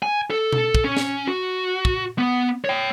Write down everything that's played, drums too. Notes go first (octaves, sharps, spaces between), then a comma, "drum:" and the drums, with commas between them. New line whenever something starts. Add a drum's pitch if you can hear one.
G#5
A4
drum: tom B2
drum: kick
C#4
drum: snare
F#4
drum: kick
B3
C#5 G5